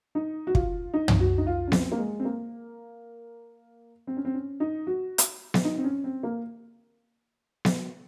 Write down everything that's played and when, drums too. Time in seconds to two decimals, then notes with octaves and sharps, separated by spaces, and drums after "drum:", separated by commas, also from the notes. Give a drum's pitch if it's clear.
0.15 D#4
0.47 F#4
0.55 F4, drum: kick
0.94 D#4
1.08 drum: tom
1.20 F#4
1.38 D#4
1.47 F4
1.68 C#4
1.72 C4, drum: snare B3
1.92 A#3
1.98 G#3
2.20 C4
2.25 A#3
4.07 C4
4.17 C#4
4.25 C4
4.34 C#4
4.60 D#4
4.87 F#4
5.18 drum: hi-hat
5.54 drum: snare B3
5.65 D#4
5.77 C4
5.84 C#4
6.04 C4
6.23 A#3
7.65 drum: snare B3